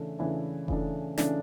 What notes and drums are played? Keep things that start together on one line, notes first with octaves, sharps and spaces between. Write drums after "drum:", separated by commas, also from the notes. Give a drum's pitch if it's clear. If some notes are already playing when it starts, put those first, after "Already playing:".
Already playing: C#3 E3 A3 D4
C#3 E3 A3 D4
C#3 E3 A3 D4, drum: kick F1
C#3 E3 A3 D4, drum: snare